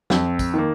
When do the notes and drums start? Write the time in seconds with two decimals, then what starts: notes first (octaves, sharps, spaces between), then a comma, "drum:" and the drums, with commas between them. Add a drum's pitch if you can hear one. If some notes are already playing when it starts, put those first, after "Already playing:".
0.10 F2, drum: snare F#3
0.39 drum: kick, tambourine
0.54 D#3 A#3